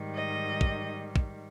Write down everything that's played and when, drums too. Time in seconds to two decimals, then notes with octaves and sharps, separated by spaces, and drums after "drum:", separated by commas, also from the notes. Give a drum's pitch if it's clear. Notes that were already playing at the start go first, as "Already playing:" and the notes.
Already playing: G#2 D#3 G3
0.16 D#5
0.61 drum: kick
1.16 drum: kick